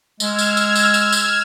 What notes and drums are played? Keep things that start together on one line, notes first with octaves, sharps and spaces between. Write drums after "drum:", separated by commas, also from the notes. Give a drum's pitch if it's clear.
G#3 E6 F6 G#6, drum: tambourine
drum: tambourine
drum: tambourine
drum: tambourine
drum: tambourine
drum: tambourine